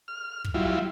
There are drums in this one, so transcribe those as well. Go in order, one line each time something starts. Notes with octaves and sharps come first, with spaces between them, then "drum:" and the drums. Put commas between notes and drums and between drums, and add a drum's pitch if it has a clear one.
F6
drum: kick
F#3 G3 E4 F4